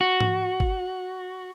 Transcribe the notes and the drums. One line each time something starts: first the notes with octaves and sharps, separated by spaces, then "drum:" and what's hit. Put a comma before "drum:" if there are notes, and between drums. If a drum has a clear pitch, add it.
F#4
drum: tom G#2
drum: kick G1